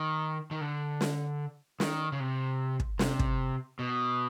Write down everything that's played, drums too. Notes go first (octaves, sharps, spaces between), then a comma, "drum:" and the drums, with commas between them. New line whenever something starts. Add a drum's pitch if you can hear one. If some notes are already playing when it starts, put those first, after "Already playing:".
Already playing: D#3
D#3
D3
drum: snare
D#3, drum: snare
C#3
C3
drum: kick
C3, drum: snare
drum: kick
B2